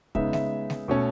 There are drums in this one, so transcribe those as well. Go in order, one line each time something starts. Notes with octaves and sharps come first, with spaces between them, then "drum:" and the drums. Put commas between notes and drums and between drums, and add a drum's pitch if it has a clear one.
C#3 G#3 B3 D#4 E5, drum: kick
E5, drum: snare
drum: snare
B2 A3 C#4